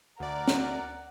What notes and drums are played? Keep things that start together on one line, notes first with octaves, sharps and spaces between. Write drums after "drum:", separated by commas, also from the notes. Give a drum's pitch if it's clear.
D2 A#4 D5 F#5
drum: snare